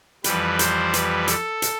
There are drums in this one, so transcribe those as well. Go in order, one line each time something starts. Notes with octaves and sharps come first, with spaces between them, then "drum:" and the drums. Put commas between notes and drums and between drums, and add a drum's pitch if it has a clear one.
F2 E3 G3 B4, drum: hi-hat
C5, drum: hi-hat
B4, drum: hi-hat
A4, drum: hi-hat
drum: hi-hat